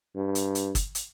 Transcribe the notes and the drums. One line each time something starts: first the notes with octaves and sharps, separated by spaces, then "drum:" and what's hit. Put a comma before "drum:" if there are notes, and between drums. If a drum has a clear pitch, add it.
G2
drum: hi-hat
drum: hi-hat
drum: kick, hi-hat
drum: hi-hat